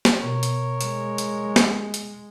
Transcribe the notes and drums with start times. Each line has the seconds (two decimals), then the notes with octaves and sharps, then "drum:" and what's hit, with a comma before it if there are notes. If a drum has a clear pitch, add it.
0.05 drum: snare
0.21 B2 A#4 C#5
0.43 drum: hi-hat
0.81 G#3, drum: hi-hat
1.18 drum: hi-hat
1.56 drum: snare
1.94 drum: hi-hat